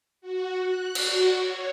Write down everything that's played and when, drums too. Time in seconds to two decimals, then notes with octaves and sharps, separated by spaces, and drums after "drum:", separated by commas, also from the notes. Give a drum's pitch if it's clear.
0.21 F#4
0.63 F#6
0.95 F#4, drum: cymbal
1.39 C#5